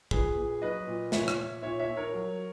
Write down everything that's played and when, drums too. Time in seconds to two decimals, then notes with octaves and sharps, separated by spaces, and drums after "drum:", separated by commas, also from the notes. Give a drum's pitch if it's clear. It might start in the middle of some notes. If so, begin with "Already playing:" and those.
0.11 A#2 G#4 B4, drum: kick
0.37 A#2
0.62 F#3 B4 D#5
0.87 A#2
1.12 A#2 C#5 E5, drum: snare
1.28 drum: rim click
1.37 A#2
1.62 A#2 C#5 E5
1.79 C#5 E5
1.88 A#2
1.97 A#4 C#5
2.13 F#3